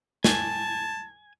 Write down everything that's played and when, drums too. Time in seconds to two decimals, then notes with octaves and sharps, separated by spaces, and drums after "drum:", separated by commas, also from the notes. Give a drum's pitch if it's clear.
0.24 G#5 A5, drum: snare